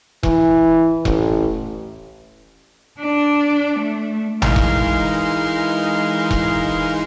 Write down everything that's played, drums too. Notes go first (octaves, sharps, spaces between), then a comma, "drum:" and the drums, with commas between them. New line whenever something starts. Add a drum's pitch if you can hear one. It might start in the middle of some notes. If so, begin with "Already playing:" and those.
E3, drum: kick E1
A1, drum: kick E1
D4
A3
E3 G#3 D#4 A#4 F5 C6, drum: tom A#1
drum: kick E1
drum: kick E1